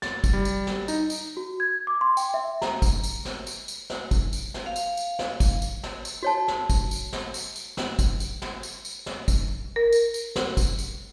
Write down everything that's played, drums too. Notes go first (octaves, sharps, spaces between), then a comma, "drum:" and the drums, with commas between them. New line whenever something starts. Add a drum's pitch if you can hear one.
A6, drum: snare
drum: kick, tambourine
G3
drum: tambourine
drum: snare
D#4, drum: tambourine
drum: tambourine
F#4
G#6
D6
C6
G5, drum: tambourine
E5
A#5, drum: snare
drum: kick, tambourine
drum: tambourine
drum: snare
drum: tambourine
drum: tambourine
drum: snare
drum: kick, tambourine
drum: tambourine
drum: snare
F5
drum: tambourine
drum: tambourine
drum: snare
drum: kick, tambourine
drum: tambourine
drum: snare
drum: tambourine
F#4 C#5 A5
drum: snare
drum: kick, tambourine
drum: tambourine
drum: snare
drum: tambourine
drum: tambourine
drum: snare
drum: kick, tambourine
drum: tambourine
drum: snare
drum: tambourine
drum: tambourine
drum: snare
drum: kick, tambourine
A#4
drum: tambourine
drum: tambourine
drum: snare
drum: kick, tambourine
drum: tambourine